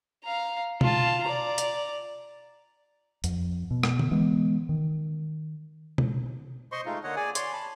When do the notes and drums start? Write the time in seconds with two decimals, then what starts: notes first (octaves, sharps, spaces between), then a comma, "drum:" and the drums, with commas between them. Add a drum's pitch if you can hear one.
0.24 F5 A#5
0.81 F4 A5, drum: tom B2
1.24 D5 A#5
1.58 drum: hi-hat
3.24 F2, drum: hi-hat
3.71 B2
3.83 drum: rim click
3.99 drum: tom D3
4.11 E3 G#3 B3
4.69 D#3
5.98 drum: tom B2
6.72 C5 D#5 C6 C#6
6.86 G#3 A3 D#4 F4
7.04 D3 A#3 C#5 D#5 F#5
7.16 G#4 D5 G#5
7.35 C#5 D5 C6, drum: hi-hat
7.53 A5 B5